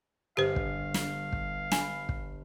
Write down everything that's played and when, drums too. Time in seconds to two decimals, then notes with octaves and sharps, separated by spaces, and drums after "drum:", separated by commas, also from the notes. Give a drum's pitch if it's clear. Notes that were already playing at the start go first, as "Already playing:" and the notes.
0.37 G1 G4 C5 F5
0.56 drum: kick
0.94 drum: snare
1.32 drum: kick
1.72 G#5 B5, drum: snare
2.09 drum: kick